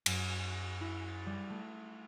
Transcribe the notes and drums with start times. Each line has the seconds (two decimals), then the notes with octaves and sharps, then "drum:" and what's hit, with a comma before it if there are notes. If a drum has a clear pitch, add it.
0.06 F#2, drum: cymbal
0.81 E4
1.08 A6
1.26 G3
1.50 A3